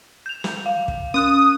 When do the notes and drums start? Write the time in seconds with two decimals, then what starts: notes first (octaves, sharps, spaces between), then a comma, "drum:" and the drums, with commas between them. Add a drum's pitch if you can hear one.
0.26 G6 F7
0.44 drum: snare
0.66 F5
0.88 drum: kick
1.14 C#4 D#6 F#6 D#7